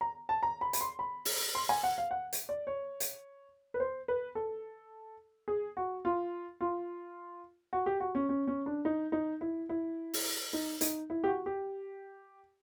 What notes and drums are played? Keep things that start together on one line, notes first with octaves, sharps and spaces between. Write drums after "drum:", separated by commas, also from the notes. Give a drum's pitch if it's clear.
A#5
A5
A#5
B5
B5, drum: hi-hat
C6
B5
drum: open hi-hat
C6
G#5
F#5
F5
F#5
drum: hi-hat
D5
C#5
drum: hi-hat
B4
C5
B4
A4
G#4
F#4
F4
F4
F#4
G4
F#4
C#4
C#4
C#4
D4
D#4
D#4
E4
E4
drum: open hi-hat
D#4
D#4, drum: hi-hat
E4
G4
F#4
G4